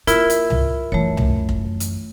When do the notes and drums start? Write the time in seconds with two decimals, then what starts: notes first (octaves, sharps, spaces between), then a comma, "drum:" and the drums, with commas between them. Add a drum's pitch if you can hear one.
0.07 A#3 E4 F4 A#4, drum: hi-hat
0.30 drum: hi-hat
0.50 drum: tom C2
0.92 F#2 E3 A3 C#5
1.17 drum: tom C2
1.49 drum: kick F1
1.80 drum: hi-hat